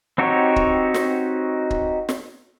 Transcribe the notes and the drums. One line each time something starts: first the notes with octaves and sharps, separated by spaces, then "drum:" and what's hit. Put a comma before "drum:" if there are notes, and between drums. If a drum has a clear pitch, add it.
C4 D#4 F#4 G4 C#5
drum: kick
drum: snare
drum: kick
drum: snare